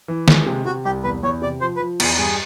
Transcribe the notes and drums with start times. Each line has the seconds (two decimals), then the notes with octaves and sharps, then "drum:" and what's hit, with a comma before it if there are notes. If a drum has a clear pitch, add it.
0.08 E3
0.28 G#3, drum: snare
0.46 C3
0.65 C3 F#4
0.85 C2 G4
1.04 E2 B4
1.23 E2 C#5
1.42 C3 D5
1.61 F3 C5
1.76 B4
1.80 F3
2.00 E2 G#4, drum: cymbal
2.19 G2 G#4